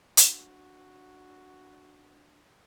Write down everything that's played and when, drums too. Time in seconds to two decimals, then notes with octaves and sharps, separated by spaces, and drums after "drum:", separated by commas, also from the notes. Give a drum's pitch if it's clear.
0.17 D4 F#4, drum: hi-hat